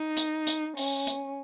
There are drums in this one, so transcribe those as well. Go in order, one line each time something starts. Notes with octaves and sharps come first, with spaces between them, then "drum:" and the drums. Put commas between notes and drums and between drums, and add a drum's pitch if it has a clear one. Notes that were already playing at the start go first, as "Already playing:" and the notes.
Already playing: D#4
drum: hi-hat
drum: hi-hat
C#4, drum: open hi-hat
drum: hi-hat